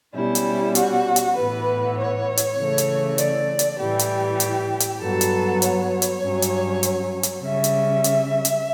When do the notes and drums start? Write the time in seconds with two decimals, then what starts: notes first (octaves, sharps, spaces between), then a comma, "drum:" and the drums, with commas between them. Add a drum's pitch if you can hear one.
0.14 B2 G3 C#4 E4
0.35 drum: hi-hat
0.75 F#4, drum: hi-hat
1.16 drum: hi-hat
1.36 A2 E3 B3 B4
1.98 C#5
2.37 drum: hi-hat
2.58 C#3 E3 A3
2.78 drum: hi-hat
3.18 D5, drum: hi-hat
3.59 drum: hi-hat
3.80 A2 E3 G3 G4
3.99 drum: hi-hat
4.40 drum: hi-hat
4.80 drum: hi-hat
5.00 G2 F#3 B3 A4
5.21 drum: hi-hat
5.62 C#5, drum: hi-hat
6.02 drum: hi-hat
6.21 G2 F#3 C#4
6.42 drum: hi-hat
6.83 drum: hi-hat
7.23 drum: hi-hat
7.43 C#3 G3 C#4 E5
7.64 drum: hi-hat
8.04 drum: hi-hat
8.45 drum: hi-hat